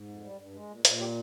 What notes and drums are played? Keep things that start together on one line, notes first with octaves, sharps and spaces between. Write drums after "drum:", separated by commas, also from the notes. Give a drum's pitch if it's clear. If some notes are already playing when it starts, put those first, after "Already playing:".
Already playing: G#2
F2
G3
G2
G#3
A#2
A#2, drum: hi-hat
G4